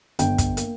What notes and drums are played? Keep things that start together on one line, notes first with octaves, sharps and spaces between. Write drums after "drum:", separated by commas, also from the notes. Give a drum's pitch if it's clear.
G1 G5, drum: hi-hat
drum: kick, hi-hat
A#3, drum: hi-hat